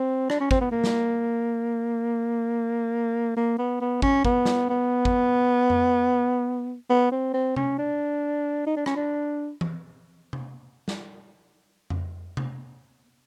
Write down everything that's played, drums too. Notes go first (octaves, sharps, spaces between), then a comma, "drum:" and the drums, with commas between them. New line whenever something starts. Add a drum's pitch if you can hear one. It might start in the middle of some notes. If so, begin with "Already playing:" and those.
Already playing: C4
D4, drum: rim click
C#4
C4, drum: kick
B3
A#3
drum: snare
A#3
B3
B3
C#4, drum: kick
B3, drum: kick
drum: snare
B3
drum: kick
drum: tom F2
B3
C4
C4
C#4, drum: tom C3
D4
D#4
D4
C#4, drum: rim click
D4
drum: tom E3
drum: tom C3
drum: snare
drum: tom F2
drum: tom C3